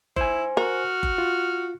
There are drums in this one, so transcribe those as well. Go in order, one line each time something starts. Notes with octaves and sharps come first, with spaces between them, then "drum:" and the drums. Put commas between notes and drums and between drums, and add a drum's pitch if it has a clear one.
E4 C5 G#5, drum: kick F#1
F#4 A#4 F6
drum: kick F#1
F4